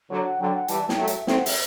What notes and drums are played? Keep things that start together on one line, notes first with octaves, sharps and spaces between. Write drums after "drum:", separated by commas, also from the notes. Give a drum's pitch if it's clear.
D3 F#3
F#5
D3 F#3 G5
F#5
E3 G3 A5, drum: hi-hat
G5, drum: snare
F#3 A3
E5, drum: hi-hat
A3 C4 G5, drum: snare
F#5
E5, drum: open hi-hat